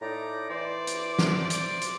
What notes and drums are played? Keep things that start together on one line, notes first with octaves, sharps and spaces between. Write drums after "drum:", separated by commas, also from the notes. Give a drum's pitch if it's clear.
A2 D#4 D5 A#5
E3 C5 D5
drum: hi-hat
drum: snare
D5, drum: hi-hat
drum: hi-hat